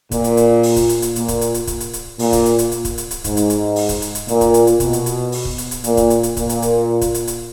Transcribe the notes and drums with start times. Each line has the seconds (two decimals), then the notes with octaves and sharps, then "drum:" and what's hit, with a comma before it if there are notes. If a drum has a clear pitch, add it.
0.11 A#2, drum: kick, hi-hat
0.24 drum: hi-hat
0.37 drum: hi-hat
0.63 drum: open hi-hat
0.76 drum: kick, hi-hat
0.89 drum: hi-hat
1.02 drum: hi-hat
1.16 A#2, drum: hi-hat
1.28 drum: kick, hi-hat
1.41 drum: hi-hat
1.54 drum: hi-hat
1.67 drum: kick, hi-hat
1.80 drum: hi-hat
1.93 drum: hi-hat
2.19 A#2, drum: open hi-hat
2.33 drum: kick, hi-hat
2.46 drum: hi-hat
2.59 drum: hi-hat
2.72 drum: hi-hat
2.85 drum: kick, hi-hat
2.98 drum: hi-hat
3.11 drum: hi-hat
3.24 G#2, drum: kick, hi-hat
3.37 drum: hi-hat
3.50 drum: hi-hat
3.76 drum: open hi-hat
3.89 drum: kick, hi-hat
4.02 drum: hi-hat
4.15 drum: hi-hat
4.28 A#2, drum: hi-hat
4.41 drum: kick, hi-hat
4.54 drum: hi-hat
4.67 drum: hi-hat
4.80 B2, drum: kick, hi-hat
4.93 drum: hi-hat
5.06 drum: hi-hat
5.32 drum: open hi-hat
5.45 drum: kick
5.58 drum: hi-hat
5.71 drum: hi-hat
5.84 A#2, drum: hi-hat
5.97 drum: kick, hi-hat
6.10 drum: hi-hat
6.23 drum: hi-hat
6.37 A#2, drum: kick, hi-hat
6.49 drum: hi-hat
6.62 drum: hi-hat
7.01 drum: kick, hi-hat
7.14 drum: hi-hat
7.27 drum: hi-hat